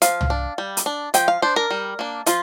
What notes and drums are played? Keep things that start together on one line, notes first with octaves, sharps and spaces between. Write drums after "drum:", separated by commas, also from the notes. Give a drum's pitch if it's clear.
F3 F5, drum: hi-hat
drum: tom
D4
G3
drum: hi-hat
D4
F3 G5, drum: hi-hat
F5
D4 C5
A#4
G3
A#3 D4
F3 F4, drum: hi-hat